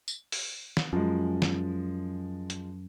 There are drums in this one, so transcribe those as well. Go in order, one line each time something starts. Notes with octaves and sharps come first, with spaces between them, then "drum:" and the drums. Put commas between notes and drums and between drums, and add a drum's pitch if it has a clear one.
drum: tambourine
drum: open hi-hat
drum: snare
F#2 F3 G#3
drum: snare
drum: hi-hat